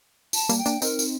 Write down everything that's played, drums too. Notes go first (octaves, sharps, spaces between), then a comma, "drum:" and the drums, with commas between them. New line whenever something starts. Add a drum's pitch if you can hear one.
A5, drum: tambourine
G3 A#3, drum: tambourine
G5
A#3 D4, drum: tambourine
C4 D#4 A#4, drum: tambourine
drum: tambourine